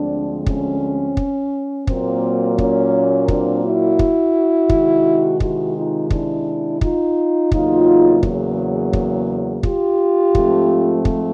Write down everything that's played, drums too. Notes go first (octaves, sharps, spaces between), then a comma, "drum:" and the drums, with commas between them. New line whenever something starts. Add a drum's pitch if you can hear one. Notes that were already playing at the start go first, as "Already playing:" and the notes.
Already playing: D2 D3 F3 G#3 C4 D4
C#4, drum: kick
drum: kick
A#2 F#3 A#3 C4, drum: kick
C#4, drum: kick
C4 D4, drum: kick
E4 F#4
drum: kick
C3 D#3 G#3, drum: kick
E4 F#4, drum: kick
D#4 F4
D4 E4, drum: kick
D#4 F4, drum: kick
E2 C#3 F#3 A#3 D#4 F4, drum: kick
drum: kick
drum: kick
F4 G4, drum: kick
G#2 F3 A3 C4, drum: kick
drum: kick